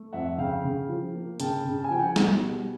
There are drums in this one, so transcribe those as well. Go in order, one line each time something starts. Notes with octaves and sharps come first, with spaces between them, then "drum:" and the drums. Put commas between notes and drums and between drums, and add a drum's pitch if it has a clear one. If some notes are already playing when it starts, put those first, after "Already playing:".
Already playing: A3
F2 E5 F#5
C#3 F5 G5
C#3
F3
A#3
C#3 G5 A5, drum: hi-hat
C#3
A5
G#5
F3 G5
F#5 G#5
B2, drum: snare
G3